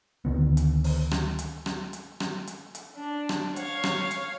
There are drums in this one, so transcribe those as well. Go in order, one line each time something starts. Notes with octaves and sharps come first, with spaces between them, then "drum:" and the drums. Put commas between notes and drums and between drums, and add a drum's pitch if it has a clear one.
D2 D3 D#3 B3
drum: hi-hat
drum: open hi-hat
drum: rim click
drum: hi-hat
drum: rim click
drum: hi-hat
drum: rim click
drum: hi-hat
drum: hi-hat
D4
drum: rim click
C#5 F5, drum: hi-hat
drum: rim click
drum: hi-hat